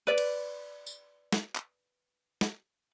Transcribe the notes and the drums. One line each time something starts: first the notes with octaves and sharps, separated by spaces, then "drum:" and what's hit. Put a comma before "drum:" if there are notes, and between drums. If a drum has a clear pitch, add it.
B4 D5
drum: cymbal
drum: tambourine
drum: snare
drum: clap
drum: snare